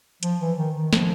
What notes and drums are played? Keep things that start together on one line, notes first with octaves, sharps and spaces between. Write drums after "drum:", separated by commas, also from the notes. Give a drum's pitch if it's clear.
F3, drum: hi-hat
E3
D#3
D#3
F3, drum: snare